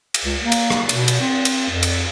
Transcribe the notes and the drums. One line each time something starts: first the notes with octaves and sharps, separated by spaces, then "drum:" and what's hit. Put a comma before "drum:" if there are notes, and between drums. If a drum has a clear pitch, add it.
drum: cymbal
C#2
A#3
drum: cymbal
drum: rim click
B2, drum: cymbal
drum: cymbal
C4
drum: cymbal
F2
drum: cymbal